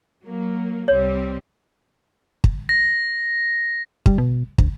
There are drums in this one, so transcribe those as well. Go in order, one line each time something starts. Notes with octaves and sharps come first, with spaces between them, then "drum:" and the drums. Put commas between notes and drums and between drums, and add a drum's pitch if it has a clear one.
F#3 A#3
C2 G3 C4 C#5
drum: kick
A#6
G3, drum: kick
B2
D2, drum: kick